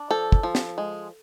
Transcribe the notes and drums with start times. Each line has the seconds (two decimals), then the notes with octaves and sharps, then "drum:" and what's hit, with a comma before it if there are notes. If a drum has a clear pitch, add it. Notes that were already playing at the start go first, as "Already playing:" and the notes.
Already playing: D4
0.10 F3 A4
0.32 drum: kick
0.43 F3
0.55 drum: snare
0.78 G#3